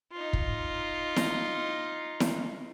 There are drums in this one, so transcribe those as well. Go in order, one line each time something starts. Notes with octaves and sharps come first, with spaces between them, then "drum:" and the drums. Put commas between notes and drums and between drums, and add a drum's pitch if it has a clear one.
D#4 F4
drum: kick
drum: snare E4
drum: snare E4